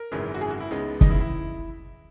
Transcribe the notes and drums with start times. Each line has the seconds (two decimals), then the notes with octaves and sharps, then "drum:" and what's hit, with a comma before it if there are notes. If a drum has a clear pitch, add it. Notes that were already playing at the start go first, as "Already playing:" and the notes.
Already playing: A#4
0.12 G#1 F#2 C#3 E3 G#3
0.34 F#4
0.41 G#4
0.51 F#4
0.60 E4
0.71 C#2 C#3 G#3 B3 D#4
1.01 D#4, drum: kick
1.10 E4
1.20 E4